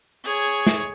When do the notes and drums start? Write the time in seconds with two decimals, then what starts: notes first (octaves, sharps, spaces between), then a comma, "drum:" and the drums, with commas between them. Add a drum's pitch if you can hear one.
0.24 G#4 C#5
0.67 drum: snare